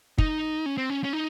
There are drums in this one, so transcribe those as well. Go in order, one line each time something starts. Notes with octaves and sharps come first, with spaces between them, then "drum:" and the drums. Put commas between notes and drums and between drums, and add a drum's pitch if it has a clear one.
D#4, drum: kick
C#4
C4
C#4
C#4
D#4